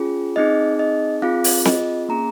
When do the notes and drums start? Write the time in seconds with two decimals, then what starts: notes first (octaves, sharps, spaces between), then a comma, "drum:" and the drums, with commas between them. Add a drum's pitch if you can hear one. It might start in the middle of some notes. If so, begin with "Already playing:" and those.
Already playing: C#4 F4 G#4
0.36 C4 D#4 G#4 D#5
0.79 D#5
1.22 C4 F4 G#4 F5
1.44 drum: open hi-hat
1.65 D#5, drum: snare C4
2.09 A#3 C#4 G#4 A#5